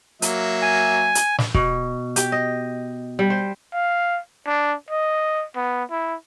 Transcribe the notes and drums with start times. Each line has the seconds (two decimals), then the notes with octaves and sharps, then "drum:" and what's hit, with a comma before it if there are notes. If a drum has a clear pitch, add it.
0.22 F#3 A#3 E5, drum: hi-hat
0.62 G#5
1.15 drum: hi-hat
1.38 drum: snare
1.54 B2, drum: kick
2.16 G4, drum: hi-hat
2.32 D#5
3.19 G3
3.30 C5
3.73 F5
4.46 D4
4.90 D#5
5.56 B3
5.91 E4